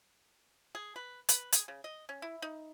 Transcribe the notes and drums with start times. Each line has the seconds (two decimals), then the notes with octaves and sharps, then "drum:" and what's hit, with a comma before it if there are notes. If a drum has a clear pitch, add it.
0.75 G#4
0.96 B4
1.29 B4, drum: hi-hat
1.53 G#4, drum: hi-hat
1.68 C#3
1.84 D#5
2.09 C#4
2.22 E4
2.42 D#4